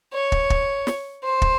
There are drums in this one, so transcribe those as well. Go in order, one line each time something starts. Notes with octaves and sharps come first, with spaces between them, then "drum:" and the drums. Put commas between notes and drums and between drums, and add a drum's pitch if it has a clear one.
C#5
drum: kick
drum: kick
drum: snare
C5
drum: kick